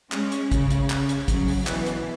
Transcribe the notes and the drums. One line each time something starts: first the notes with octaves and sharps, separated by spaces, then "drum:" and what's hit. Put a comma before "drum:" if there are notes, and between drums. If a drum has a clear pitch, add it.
G#3 C#4, drum: clap
drum: hi-hat
C#3, drum: kick, hi-hat
drum: hi-hat
C#3, drum: clap
drum: hi-hat
C#3 F#3, drum: kick, hi-hat
drum: open hi-hat
B2 E3, drum: clap
drum: hi-hat